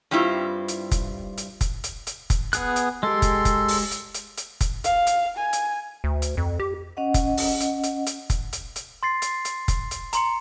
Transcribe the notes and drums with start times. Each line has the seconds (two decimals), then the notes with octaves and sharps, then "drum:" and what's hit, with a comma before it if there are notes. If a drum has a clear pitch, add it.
0.11 G2 G3 C4 E4 F4
0.68 drum: hi-hat
0.92 drum: kick F1, hi-hat
1.38 drum: hi-hat
1.61 drum: kick F1, hi-hat
1.84 drum: hi-hat
2.07 drum: hi-hat
2.30 drum: kick F1, hi-hat
2.53 B3 G#4 F#6, drum: hi-hat
2.76 drum: hi-hat
3.03 G#3 G4 A4 C6
3.22 drum: kick F1, hi-hat
3.45 drum: kick F1, hi-hat
3.68 drum: open hi-hat
3.91 drum: hi-hat
4.14 drum: hi-hat
4.38 drum: hi-hat
4.61 drum: kick F1, hi-hat
4.84 F5, drum: hi-hat
5.07 drum: hi-hat
5.37 G#5
5.53 drum: hi-hat
6.04 D2
6.22 drum: hi-hat
6.37 F2
6.60 G4
6.97 C#4 D#5 F#5
7.14 drum: kick F1, hi-hat
7.37 drum: open hi-hat
7.60 drum: hi-hat
7.84 drum: hi-hat
8.07 drum: hi-hat
8.30 drum: kick F1, hi-hat
8.53 drum: hi-hat
8.76 drum: hi-hat
9.03 C6 A6 C7
9.22 drum: hi-hat
9.45 drum: hi-hat
9.68 drum: kick F1, hi-hat
9.91 drum: hi-hat
10.13 A#5 C6 C#7, drum: hi-hat